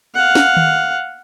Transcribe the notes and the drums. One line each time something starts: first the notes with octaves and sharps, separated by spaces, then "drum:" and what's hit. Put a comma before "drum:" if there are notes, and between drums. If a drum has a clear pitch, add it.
F5 F#5
drum: snare
drum: tom D#3